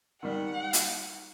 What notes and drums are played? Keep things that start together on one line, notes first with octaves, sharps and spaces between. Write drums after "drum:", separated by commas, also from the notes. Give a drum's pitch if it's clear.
D#3 G3 F#5
drum: hi-hat